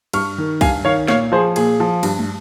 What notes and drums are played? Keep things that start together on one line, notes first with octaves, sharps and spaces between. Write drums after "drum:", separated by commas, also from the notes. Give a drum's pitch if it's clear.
G2 C#6 F6, drum: cymbal
D#3
G2 F5 G#5, drum: kick B1, cymbal
D#3 C#5 F5
A#2 C#5 F5, drum: snare
F3 G#4 C5
A#2 G#4, drum: cymbal
F3
G2, drum: cymbal
drum: tom